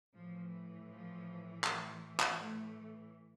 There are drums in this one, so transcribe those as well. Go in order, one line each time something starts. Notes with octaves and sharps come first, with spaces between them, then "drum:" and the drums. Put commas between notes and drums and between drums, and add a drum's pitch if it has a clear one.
A2 E3 F3
F3
drum: clap
drum: clap
A3